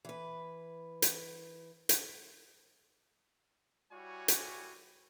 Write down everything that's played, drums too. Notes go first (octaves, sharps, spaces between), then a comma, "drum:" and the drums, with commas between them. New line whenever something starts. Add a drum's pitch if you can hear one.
E3 B4
drum: hi-hat
drum: hi-hat
G3 E4 F#4 C#5 G#5
drum: hi-hat